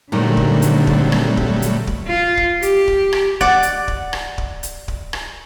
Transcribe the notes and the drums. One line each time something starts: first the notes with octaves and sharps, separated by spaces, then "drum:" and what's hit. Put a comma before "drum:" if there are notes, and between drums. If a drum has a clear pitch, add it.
A#2 D3 D#3 F#3 G3 A3 C4
drum: kick D1
drum: hi-hat
drum: kick D1
drum: rim click
drum: kick D1
drum: hi-hat
drum: kick D1
F4
drum: kick D1
G4, drum: hi-hat
drum: kick D1
drum: rim click
D5 F#5, drum: kick D1
drum: hi-hat
drum: kick D1
drum: rim click
drum: kick D1
drum: hi-hat
drum: kick D1
drum: rim click